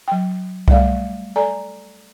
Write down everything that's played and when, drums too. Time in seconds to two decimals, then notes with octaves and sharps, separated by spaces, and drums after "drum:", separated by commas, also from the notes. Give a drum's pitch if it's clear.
0.08 F#3 G5
0.68 G3 A3 D5 F5, drum: kick C2
1.36 A4 D5 G#5 A#5